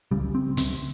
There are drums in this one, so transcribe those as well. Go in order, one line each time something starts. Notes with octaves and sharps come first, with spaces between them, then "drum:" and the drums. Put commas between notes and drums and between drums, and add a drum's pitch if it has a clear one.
C#2 C#3 G3
C4
C#2 C#3 C4, drum: hi-hat